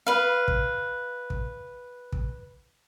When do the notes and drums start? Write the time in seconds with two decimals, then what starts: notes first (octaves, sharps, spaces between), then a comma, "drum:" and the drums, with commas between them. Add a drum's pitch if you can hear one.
0.07 B4 F5
0.48 drum: kick
1.30 drum: kick
2.12 drum: kick